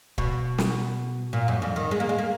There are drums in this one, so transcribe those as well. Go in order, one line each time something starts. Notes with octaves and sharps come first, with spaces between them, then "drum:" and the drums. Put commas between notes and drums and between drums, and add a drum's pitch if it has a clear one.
B2, drum: kick
drum: snare
A#2
F#2
F2
D#3
G#3
A#3
G#3
A#3